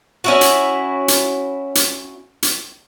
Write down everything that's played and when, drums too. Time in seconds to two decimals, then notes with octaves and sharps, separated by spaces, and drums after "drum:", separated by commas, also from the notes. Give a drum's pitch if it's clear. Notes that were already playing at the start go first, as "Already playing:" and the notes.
0.24 C#4 E4 F#4
0.41 drum: hi-hat
1.08 drum: hi-hat
1.75 drum: hi-hat
2.43 drum: hi-hat